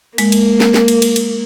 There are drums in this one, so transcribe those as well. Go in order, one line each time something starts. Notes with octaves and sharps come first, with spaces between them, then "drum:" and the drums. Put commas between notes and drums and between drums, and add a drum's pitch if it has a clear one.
G#3 A#3, drum: cymbal
drum: cymbal
drum: snare
drum: snare
drum: cymbal
drum: cymbal
drum: cymbal